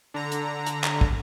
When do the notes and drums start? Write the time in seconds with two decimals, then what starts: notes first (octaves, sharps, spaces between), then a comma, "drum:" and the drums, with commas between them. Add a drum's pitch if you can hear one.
0.14 D3 A#5
0.32 drum: hi-hat
0.66 drum: hi-hat
0.84 drum: clap
1.01 drum: kick